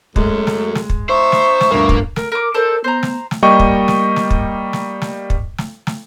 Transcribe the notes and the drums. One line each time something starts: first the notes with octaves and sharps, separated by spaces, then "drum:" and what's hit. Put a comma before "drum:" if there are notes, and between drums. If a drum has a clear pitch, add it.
F#2 G#3 A3, drum: kick
drum: snare
drum: snare
drum: kick
B3 D#4 C5 E5 C#6
drum: snare
drum: snare
G1 D2 A#3
drum: kick
A#4, drum: snare
A#4 D6
A4 A#4 C5 D5
B3 C5 A#5
drum: snare
drum: snare
G3 A#3 D#5 G5 C#6
drum: kick
drum: snare
drum: snare
drum: kick
drum: snare
drum: snare
drum: kick
drum: snare
drum: snare